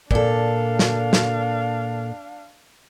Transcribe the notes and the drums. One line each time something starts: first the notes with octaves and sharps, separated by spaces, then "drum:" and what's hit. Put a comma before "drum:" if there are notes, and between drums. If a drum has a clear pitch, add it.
A#2 D4 A4 F5, drum: kick
drum: snare
drum: snare